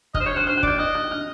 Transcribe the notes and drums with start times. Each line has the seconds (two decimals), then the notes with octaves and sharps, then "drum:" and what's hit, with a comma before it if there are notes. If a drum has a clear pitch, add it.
0.14 D#5 F6, drum: kick
0.20 C5
0.25 C#5 G6
0.36 C5 F#6
0.47 C5 F6
0.57 F#6
0.63 D5 G6, drum: kick
0.78 D#5 F#6
0.95 F#6
1.11 F6